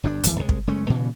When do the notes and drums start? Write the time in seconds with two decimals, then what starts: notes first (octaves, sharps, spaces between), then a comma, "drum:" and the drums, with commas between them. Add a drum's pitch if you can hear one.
0.03 G1 G2 C#4 D4
0.23 D1 G#1 E2 E3, drum: hi-hat
0.39 C2 G#3
0.49 drum: kick
0.67 F#1 G#3 A3 C#4
0.90 G2 A#2 C#3 E3